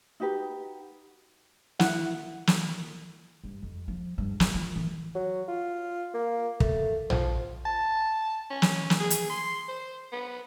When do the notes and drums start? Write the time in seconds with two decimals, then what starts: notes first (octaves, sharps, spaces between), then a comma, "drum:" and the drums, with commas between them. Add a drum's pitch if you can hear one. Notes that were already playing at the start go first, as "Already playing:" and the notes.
0.20 D#4 F#4 G4 B4
1.80 E4 F#5, drum: snare
2.47 drum: snare
3.44 G2
3.63 F2
3.88 F3
4.18 G2
4.40 E3, drum: snare
4.55 F4
4.76 E3
5.15 F#3
5.49 F4
6.14 A#3
6.60 A3, drum: kick
7.10 F3, drum: tom A#1
7.65 A5
8.50 C#4
8.62 drum: snare
8.90 drum: snare
9.00 G#4
9.10 drum: hi-hat
9.30 C6
9.68 C5
10.12 B3